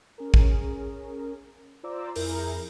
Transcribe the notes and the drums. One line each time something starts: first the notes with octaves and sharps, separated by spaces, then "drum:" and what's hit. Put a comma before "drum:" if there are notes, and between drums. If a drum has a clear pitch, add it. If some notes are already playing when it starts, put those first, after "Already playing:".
C#4 G#4 A#4
drum: kick A1
F4 C5 D5 A#5 D6 E6
F2 E4 G#4 A#4 G6, drum: open hi-hat